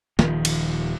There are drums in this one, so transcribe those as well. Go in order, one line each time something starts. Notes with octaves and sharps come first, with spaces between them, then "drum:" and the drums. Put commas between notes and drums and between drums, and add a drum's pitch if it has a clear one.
D#1 D#3 F3, drum: snare
drum: cymbal